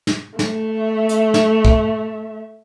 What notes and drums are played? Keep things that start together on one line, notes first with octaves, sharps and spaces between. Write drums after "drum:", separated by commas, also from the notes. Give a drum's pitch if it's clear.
drum: snare
A3 E5, drum: snare
drum: hi-hat
drum: snare
drum: kick